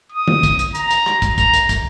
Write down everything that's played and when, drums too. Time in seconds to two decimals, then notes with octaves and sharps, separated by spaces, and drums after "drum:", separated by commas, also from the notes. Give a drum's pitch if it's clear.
0.12 D#6
0.28 drum: tom
0.43 drum: kick, hi-hat
0.59 drum: hi-hat
0.75 A#5, drum: hi-hat
0.91 drum: hi-hat
1.06 drum: rim click
1.22 drum: kick, hi-hat
1.38 A#5, drum: kick, hi-hat
1.54 drum: hi-hat
1.69 drum: kick, hi-hat